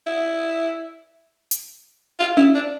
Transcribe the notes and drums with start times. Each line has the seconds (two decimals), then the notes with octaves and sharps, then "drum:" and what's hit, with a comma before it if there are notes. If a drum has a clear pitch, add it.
0.07 E4
1.51 drum: hi-hat
2.20 F4
2.37 E4, drum: tom C#4
2.55 D4